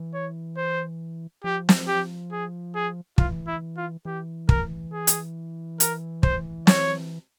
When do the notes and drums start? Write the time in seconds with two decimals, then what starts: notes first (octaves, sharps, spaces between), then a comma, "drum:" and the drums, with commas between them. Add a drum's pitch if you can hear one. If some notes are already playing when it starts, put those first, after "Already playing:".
Already playing: E3
0.14 C#5
0.57 C5
1.44 F3 G4
1.69 drum: snare
1.87 G4
2.32 G#4
2.75 G#4
3.18 E3 F4, drum: kick
3.47 E4
3.77 F4
4.05 E3 G4
4.49 A#4, drum: kick
4.93 G#4
5.07 drum: hi-hat
5.80 A#4, drum: hi-hat
6.23 C5, drum: kick
6.67 C#5, drum: snare